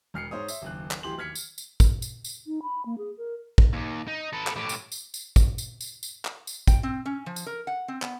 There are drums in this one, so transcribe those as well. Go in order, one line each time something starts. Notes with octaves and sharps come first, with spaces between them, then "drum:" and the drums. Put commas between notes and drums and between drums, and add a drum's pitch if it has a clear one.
E1 F6 C7 C#7
G#2 C5 C#5 D#6
E5, drum: tambourine
F#1 D#2 F#6
drum: clap
D1 E3 G4 C6 F#7
D#2 F6 G#6 B6 C#7
drum: tambourine
drum: tambourine
drum: kick, tambourine
drum: tambourine
drum: tambourine
D#4
B5
A#3
G#4
A#4
drum: kick
D#2
D#4
A4 B4
drum: clap
A2 G4
drum: tambourine
drum: tambourine
drum: tambourine
drum: kick, tambourine
drum: tambourine
drum: tambourine
drum: tambourine
drum: clap
drum: tambourine
G5, drum: kick, tambourine
C4
C#4
F3
drum: tambourine
A#4
F#5
C4
B3, drum: clap